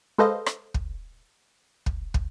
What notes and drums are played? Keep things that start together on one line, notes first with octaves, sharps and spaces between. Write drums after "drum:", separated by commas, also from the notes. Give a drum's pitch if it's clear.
G#3 A4 B4 C5 D#5 F5
drum: rim click
drum: kick
drum: kick
drum: kick